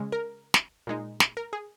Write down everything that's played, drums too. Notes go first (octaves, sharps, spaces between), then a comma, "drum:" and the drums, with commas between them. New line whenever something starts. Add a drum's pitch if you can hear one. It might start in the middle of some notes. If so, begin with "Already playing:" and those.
Already playing: C#3 G#3 C#4
A#4
drum: snare
A#2 G#3 D#4
drum: snare
A#4
G#4